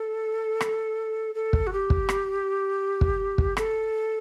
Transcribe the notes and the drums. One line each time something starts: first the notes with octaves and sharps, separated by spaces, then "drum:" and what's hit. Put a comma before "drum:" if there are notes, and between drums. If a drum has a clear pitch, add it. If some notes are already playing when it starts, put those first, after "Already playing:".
Already playing: A4
drum: rim click
A4
drum: kick
F#4
G4
drum: kick
drum: rim click
drum: kick
drum: kick
A4, drum: rim click